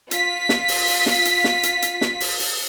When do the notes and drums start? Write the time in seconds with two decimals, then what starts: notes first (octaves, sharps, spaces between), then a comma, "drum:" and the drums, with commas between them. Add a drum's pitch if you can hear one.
0.11 F4 B6, drum: hi-hat
0.49 drum: snare
0.68 drum: open hi-hat
0.87 drum: open hi-hat
1.06 drum: snare
1.25 drum: hi-hat
1.44 drum: snare
1.63 drum: hi-hat
1.82 drum: hi-hat
2.01 drum: snare
2.20 drum: open hi-hat
2.39 drum: open hi-hat